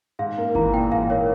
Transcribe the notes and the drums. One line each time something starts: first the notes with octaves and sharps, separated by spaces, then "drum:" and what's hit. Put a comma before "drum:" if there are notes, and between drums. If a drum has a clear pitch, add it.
G#2 F5
A#3
E3 A#5, drum: kick G1
A#1 G5
G#2 F5
A#3 C#5